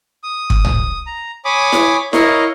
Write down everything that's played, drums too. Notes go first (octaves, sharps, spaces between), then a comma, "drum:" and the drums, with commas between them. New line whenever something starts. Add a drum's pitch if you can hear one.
D#6
drum: kick
drum: tom C2
A#5
C#5 G#5 B5 D6 D#6
drum: snare E4
E4 A#4 C#5 D#5 F5, drum: snare E4